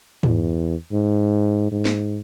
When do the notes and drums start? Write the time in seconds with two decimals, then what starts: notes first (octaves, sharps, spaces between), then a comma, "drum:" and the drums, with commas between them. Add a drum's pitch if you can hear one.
0.23 E2, drum: tom
0.92 G#2
1.72 G#2
1.85 drum: snare